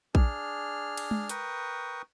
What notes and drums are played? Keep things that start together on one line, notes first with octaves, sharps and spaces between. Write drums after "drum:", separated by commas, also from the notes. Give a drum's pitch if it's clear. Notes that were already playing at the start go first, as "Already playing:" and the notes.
D4 G#4 F6, drum: kick A#1
drum: cymbal
drum: tom G#3
A#4 B4 G5 C#6 D#6, drum: hi-hat